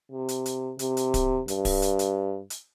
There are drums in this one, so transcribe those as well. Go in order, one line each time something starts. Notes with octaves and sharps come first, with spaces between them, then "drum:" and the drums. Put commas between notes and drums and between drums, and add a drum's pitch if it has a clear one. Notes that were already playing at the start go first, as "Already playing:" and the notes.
C3
drum: hi-hat
drum: hi-hat
C3, drum: hi-hat
drum: hi-hat
drum: kick D1, hi-hat
G2, drum: hi-hat
drum: kick D1, open hi-hat
drum: hi-hat
drum: hi-hat
drum: hi-hat